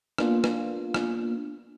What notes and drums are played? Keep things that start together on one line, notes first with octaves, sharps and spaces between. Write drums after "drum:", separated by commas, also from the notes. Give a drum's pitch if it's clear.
A#3 B3 D4 F4, drum: rim click
drum: rim click
drum: rim click